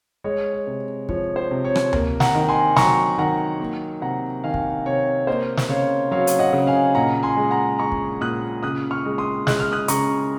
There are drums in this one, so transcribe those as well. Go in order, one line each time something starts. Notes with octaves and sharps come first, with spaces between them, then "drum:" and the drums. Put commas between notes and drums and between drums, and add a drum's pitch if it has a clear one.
G#3 C#5
C#5
C3
F3 C#5, drum: kick
C5
C3
C#5
drum: rim click
A#3, drum: tom D2
F#5 A#5, drum: snare
D#3
G#5 C6
F#3 A#5 C#6, drum: snare
D#3 F#5 A#5
A#3
C3 F#5 A#5
D#3 F5 G#5
drum: kick
C3 C#5
A#3 C5 D#5
drum: snare
C#3 C#5 F5
F#3 C#5 F5
drum: hi-hat
D#5 F#5
C#3
F5 G#5
A#2 F#5 A#5
G#5 C6
G#3
F#5 A#5
G#3 A#5 C#6
drum: kick
A#2 D#6 F#6
C#3 D#6 F#6
C#6 F6
G#3
C6 D#6
G#3 F#6, drum: snare
F6
D#6 F#6
C#3 A#5 C#6, drum: hi-hat